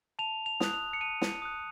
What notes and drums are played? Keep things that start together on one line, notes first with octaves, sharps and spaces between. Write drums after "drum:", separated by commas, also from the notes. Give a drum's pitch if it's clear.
A5 F7
F7
D#6 F#6, drum: snare
F7
C#7
A5 D#7
drum: snare
D#6 F#6